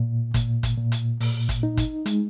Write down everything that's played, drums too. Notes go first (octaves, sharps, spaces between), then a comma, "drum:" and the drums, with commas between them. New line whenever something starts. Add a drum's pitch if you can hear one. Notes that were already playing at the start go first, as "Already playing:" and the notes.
Already playing: A#2
A#2, drum: kick, hi-hat
drum: kick, hi-hat
A#2
drum: hi-hat
A#2, drum: open hi-hat
drum: kick, hi-hat
D#4
drum: kick, hi-hat
G#3, drum: hi-hat